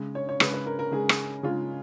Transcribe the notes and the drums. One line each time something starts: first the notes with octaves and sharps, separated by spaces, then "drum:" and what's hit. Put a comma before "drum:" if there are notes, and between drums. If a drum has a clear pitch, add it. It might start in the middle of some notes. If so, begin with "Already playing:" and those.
Already playing: C#3 G#3
C#5
C#5
C#3 G#3 B4, drum: rim click
B4
A#4
A#4
C#3 G#3 G#4
drum: rim click
C#3 G#3 F4